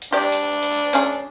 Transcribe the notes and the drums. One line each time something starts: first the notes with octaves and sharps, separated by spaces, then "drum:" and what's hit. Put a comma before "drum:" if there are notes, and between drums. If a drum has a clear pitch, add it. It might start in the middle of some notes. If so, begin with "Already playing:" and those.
drum: hi-hat
D4 G4 D5
drum: hi-hat
drum: hi-hat
C#4 G#4, drum: hi-hat